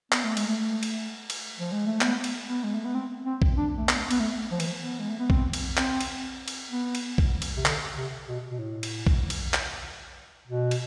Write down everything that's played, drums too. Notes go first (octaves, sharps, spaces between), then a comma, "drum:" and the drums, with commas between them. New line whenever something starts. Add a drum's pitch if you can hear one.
B3, drum: clap
A3
G#3, drum: cymbal
A3
drum: cymbal
drum: cymbal
F3
G#3
A3
B3, drum: clap
drum: cymbal
B3
G#3
A3
B3
C4
C4
drum: kick
D4
A3
B3, drum: clap
B3, drum: cymbal
A3
F3
E3, drum: cymbal
F3
B3
G#3
A3
B3
C4, drum: kick
drum: cymbal
C4, drum: clap
drum: cymbal
drum: cymbal
B3
drum: cymbal
drum: kick
drum: cymbal
C3
D3, drum: clap
C3
B2
B2
A2
drum: cymbal
drum: kick
drum: cymbal
drum: clap
B2
drum: cymbal